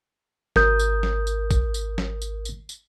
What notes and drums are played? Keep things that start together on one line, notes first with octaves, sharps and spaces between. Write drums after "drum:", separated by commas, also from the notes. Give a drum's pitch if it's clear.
G#1 A#4 D#6 G6, drum: snare
drum: tambourine
drum: snare
drum: tambourine
drum: kick, tambourine
drum: tambourine
drum: snare
drum: tambourine
drum: tambourine
drum: tambourine